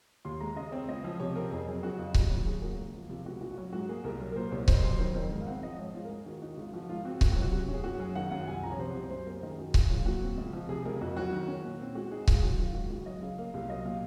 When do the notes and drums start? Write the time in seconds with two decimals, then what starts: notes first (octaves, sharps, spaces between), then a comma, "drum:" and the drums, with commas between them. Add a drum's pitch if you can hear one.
0.25 D#2 C6
0.40 G#3 A#5
0.56 C#3 D#5
0.72 C4 C#5
0.89 C#2 D#5
1.04 F3
1.20 C3 C#5
1.35 C4 A#4
1.51 F2 G#4
1.67 F#3 G#4
1.83 C#3 F#4
1.98 F2 F4
2.14 D#2 F#4, drum: kick C#1
2.30 F#3 F#4
2.46 C#3 G#4
2.62 A#3 F#4
2.78 C#2
2.94 F3
3.10 C3 F4
3.25 C#2 F#4
3.41 A#1 F#4
3.58 F#3
3.72 G#2 F#4
3.89 A#3 G#4
4.04 C2 A#4
4.20 F#3 A#4
4.32 A#4
4.36 A#2 C5
4.51 C2 C#5
4.68 F2 C5, drum: kick C#1
4.84 F#3 C5
4.99 D#3 A#4
5.15 F2 A#4
5.31 G#2
5.41 F5
5.47 C4 F#5
5.63 F3 D#5
5.78 G#2 C#5
5.94 G#2 F4
6.05 A#4
6.10 G#3 G#4
6.26 D#3 F#4
6.42 D#4 F#4
6.57 G#1 F4
6.73 F3 F#4
6.89 G#2 F4
7.05 C4 F#4
7.21 C#2 F#4, drum: kick C#1
7.32 F#4
7.36 F#3
7.42 F#4
7.52 C3
7.68 C#4
7.74 G#4
7.84 F#2 F#4
7.99 F#3 G#4
8.15 D#3 F#5
8.31 F#2 F#5
8.47 C2 G#5
8.63 F3 A#5
8.72 C#5
8.78 C3 C5
8.95 C2
9.10 F#2 C5
9.26 A#3 A#4
9.43 D#3 D#5
9.50 G#4
9.58 F#2 F#4
9.74 A#1 G#4, drum: kick C#1
9.90 F#3 F4
10.05 A#2 F#4
10.22 C4
10.38 C#2
10.53 F3
10.69 C3 G#4
10.85 C#2 A#4
11.01 F2 F#4
11.16 F#3 F#4
11.33 D#3
11.48 C#4
11.63 A#2
11.80 C4
11.95 G#3 F#4
12.11 D#4 G#4
12.28 G#2 F4, drum: kick C#1
12.36 G#4
12.42 F#3 F#4
12.59 D#3 F4
12.70 F4
12.74 G#2 F#4
12.90 C#2 F#4
13.06 F#3 D#5
13.22 C#3 F5
13.38 A#3 F5
13.54 C2 F5
13.69 F#3 D#5
13.85 A#2 F5